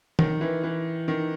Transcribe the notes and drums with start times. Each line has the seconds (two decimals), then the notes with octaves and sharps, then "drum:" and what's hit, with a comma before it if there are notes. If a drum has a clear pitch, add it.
0.19 D#3, drum: tom D#3
0.41 E3
0.64 E3
1.08 D#3